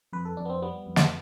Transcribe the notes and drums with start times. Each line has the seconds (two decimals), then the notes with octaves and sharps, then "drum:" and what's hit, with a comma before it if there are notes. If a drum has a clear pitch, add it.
0.13 F2 B4
0.25 A4
0.37 F2 D4
0.45 B3
0.50 C4
0.62 G3 B3
0.86 F2
0.96 drum: snare